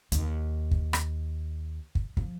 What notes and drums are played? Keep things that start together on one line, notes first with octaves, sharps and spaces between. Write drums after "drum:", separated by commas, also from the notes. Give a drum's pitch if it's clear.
D#2, drum: hi-hat
drum: kick
drum: rim click
drum: kick
F3, drum: kick